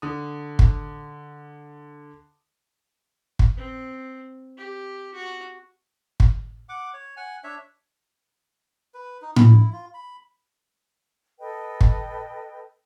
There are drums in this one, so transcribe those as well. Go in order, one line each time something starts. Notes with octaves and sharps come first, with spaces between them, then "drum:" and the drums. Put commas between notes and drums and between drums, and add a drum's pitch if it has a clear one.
D3 D#6
drum: kick
drum: kick
C4
G4
F#4
drum: kick
F#5 D6
C#5
F#5 G#5
D4 C#5 E5
B4
D#4
E4, drum: tom A2
F4
B5
A4 B4 D#5 G5
drum: kick